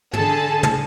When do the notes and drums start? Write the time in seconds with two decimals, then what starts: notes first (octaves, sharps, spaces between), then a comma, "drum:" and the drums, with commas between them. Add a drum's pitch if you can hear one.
0.13 D3 G#4 A4 A5, drum: tom
0.63 drum: tom